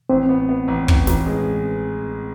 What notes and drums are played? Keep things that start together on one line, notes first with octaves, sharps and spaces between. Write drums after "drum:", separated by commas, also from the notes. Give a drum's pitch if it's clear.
A1 C4
B3
B3
A1
A1, drum: kick
A1, drum: snare
G#3